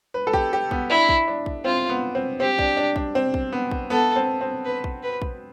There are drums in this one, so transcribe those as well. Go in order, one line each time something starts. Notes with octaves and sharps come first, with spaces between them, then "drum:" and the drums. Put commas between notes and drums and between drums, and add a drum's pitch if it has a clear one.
B4
A4
G4, drum: kick
G4
B3, drum: kick
D4 E4
drum: kick
D4
drum: kick
C4 F4
B3
C4
C4 G4
D4, drum: kick
D4
D4, drum: kick
C4
drum: kick
B3
drum: kick
B3 A4
C4
C4
B4
drum: kick
B4
drum: kick